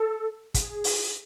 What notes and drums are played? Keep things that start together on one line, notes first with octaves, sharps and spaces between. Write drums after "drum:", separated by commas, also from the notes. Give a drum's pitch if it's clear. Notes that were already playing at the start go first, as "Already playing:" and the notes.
Already playing: A4
G#4, drum: kick, hi-hat
drum: open hi-hat